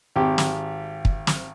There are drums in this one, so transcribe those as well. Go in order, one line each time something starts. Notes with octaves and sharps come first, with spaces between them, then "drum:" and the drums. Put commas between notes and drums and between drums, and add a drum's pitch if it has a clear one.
G#1 G4
drum: snare
drum: kick
drum: snare